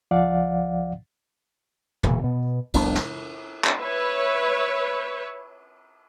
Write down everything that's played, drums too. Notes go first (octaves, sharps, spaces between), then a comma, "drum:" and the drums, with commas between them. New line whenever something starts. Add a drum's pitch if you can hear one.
C#2 F3 D5 F5 F#5
E1 A#2 C#3 E3, drum: tom
B2 B3
F1 C2 B3 D4, drum: cymbal
drum: snare
drum: clap
B4 C#5 E5